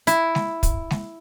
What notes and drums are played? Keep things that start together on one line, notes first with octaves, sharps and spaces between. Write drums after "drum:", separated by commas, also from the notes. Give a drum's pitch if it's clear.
E4, drum: hi-hat
drum: snare G#3
drum: kick, hi-hat
drum: snare G#3